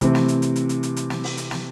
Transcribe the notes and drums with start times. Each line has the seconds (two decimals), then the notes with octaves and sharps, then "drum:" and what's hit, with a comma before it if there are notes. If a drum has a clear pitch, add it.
0.01 C3 E3 A3 C4, drum: kick, hi-hat
0.15 drum: snare
0.28 drum: hi-hat
0.42 drum: hi-hat
0.56 drum: hi-hat
0.69 drum: hi-hat
0.83 drum: hi-hat
0.96 drum: hi-hat
1.10 drum: snare
1.24 drum: open hi-hat
1.37 drum: hi-hat
1.51 drum: snare